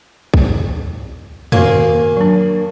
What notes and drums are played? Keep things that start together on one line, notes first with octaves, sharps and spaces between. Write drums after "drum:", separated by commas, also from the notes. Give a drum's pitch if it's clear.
drum: kick
D#3 A#3 F#4 G#4 C#5, drum: tom
F#3 D4